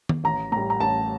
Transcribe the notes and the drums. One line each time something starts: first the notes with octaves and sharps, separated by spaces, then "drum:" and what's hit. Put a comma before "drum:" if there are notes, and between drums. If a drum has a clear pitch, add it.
drum: tom D#3
A1 A#5
A2 G3 A#5
A#5
A1 A5